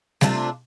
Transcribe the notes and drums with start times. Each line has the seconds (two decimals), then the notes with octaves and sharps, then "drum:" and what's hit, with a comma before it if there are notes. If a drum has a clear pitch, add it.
0.21 C3 A3 D4 F4, drum: snare G3